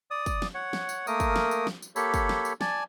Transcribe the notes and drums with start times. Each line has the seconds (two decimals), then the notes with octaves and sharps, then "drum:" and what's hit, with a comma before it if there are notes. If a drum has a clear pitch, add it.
0.11 D5 D#6
0.26 drum: kick, tambourine
0.42 drum: snare
0.54 C#5 F#5
0.73 drum: snare
0.89 drum: tambourine
1.07 A3 A#3 A#4 D#6, drum: tambourine
1.20 drum: kick, tambourine
1.36 drum: snare
1.51 drum: tambourine
1.67 drum: snare
1.82 drum: tambourine
1.96 A#3 G4 A4 C#5 B5, drum: tambourine
2.14 drum: kick, tambourine
2.29 drum: snare
2.45 drum: tambourine
2.61 D5 G#5 A5, drum: snare